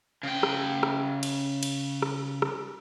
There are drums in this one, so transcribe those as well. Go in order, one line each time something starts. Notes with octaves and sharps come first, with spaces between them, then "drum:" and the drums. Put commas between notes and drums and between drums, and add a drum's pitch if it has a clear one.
C#3 G5
drum: rim click
drum: rim click
drum: cymbal
drum: cymbal
drum: rim click
drum: rim click